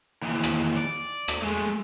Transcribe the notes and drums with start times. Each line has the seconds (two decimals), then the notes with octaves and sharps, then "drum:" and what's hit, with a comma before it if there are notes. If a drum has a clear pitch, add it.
0.22 D#2 E3
0.43 drum: rim click
0.77 D5
1.28 drum: rim click
1.42 G#3 A3